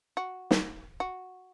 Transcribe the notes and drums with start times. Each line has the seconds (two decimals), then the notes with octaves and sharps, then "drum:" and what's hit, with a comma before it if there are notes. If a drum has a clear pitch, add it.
0.17 F#4
0.51 drum: snare
1.00 F#4